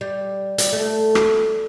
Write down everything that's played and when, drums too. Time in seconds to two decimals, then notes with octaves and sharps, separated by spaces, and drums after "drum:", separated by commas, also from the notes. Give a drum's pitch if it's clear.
0.01 G3
0.58 G3, drum: hi-hat
0.73 A3
1.15 drum: rim click